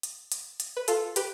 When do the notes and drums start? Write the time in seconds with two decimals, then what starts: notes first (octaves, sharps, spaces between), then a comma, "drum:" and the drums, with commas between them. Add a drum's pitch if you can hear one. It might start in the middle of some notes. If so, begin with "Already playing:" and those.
0.03 drum: hi-hat
0.32 drum: hi-hat
0.60 drum: hi-hat
0.77 B4
0.88 F4 A4, drum: hi-hat
1.16 G4 B4, drum: hi-hat